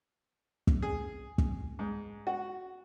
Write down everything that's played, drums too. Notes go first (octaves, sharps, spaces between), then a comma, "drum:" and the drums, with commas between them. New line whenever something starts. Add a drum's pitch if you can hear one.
drum: kick
G#4
drum: kick
G#2
F#4